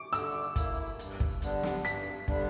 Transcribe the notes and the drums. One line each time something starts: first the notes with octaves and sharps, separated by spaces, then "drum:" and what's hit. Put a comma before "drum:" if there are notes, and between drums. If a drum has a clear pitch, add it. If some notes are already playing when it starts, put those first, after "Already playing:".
Already playing: C#6 D6
D3 E6, drum: hi-hat
A#3 E4, drum: kick, hi-hat
G2, drum: hi-hat
drum: kick
D3 G3 B3 D4, drum: hi-hat
drum: snare
G2 B6, drum: hi-hat
D3 G3 B3 D4, drum: kick